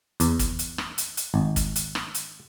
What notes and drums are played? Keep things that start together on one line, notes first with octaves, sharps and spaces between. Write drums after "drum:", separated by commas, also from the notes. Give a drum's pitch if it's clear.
E2, drum: hi-hat
drum: kick G#1, hi-hat
drum: hi-hat
drum: rim click
drum: hi-hat
drum: hi-hat
G#1
drum: kick G#1, hi-hat
drum: hi-hat
drum: rim click
drum: hi-hat